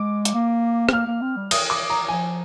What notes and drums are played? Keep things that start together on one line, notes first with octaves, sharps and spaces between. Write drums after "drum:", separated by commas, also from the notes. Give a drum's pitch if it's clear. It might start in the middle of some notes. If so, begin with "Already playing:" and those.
Already playing: G#3 D6
drum: hi-hat
A#3
C4, drum: rim click
A#3 F6
A#3
C4
G3
D#6, drum: cymbal
D6
A#5
F3 G#5